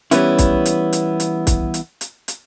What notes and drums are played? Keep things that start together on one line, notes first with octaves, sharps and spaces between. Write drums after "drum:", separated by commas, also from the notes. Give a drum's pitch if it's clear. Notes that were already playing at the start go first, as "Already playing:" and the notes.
E3 G3 B3 C#4 E4, drum: hi-hat
drum: kick, hi-hat
drum: hi-hat
drum: hi-hat
drum: hi-hat
drum: kick, hi-hat
drum: hi-hat
drum: hi-hat
drum: hi-hat